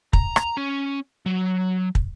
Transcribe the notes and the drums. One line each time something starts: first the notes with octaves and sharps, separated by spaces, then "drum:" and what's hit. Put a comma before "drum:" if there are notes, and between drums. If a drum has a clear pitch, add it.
A#5, drum: kick
drum: rim click
C#4
F#3
drum: kick